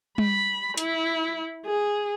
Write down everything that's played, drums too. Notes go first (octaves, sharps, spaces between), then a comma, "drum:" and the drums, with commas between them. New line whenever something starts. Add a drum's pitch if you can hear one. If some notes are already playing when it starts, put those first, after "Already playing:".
B5, drum: tom G3
E4, drum: hi-hat
G#4